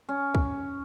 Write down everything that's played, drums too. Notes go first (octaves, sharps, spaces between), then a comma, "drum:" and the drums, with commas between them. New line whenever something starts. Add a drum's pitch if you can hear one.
C#4
drum: kick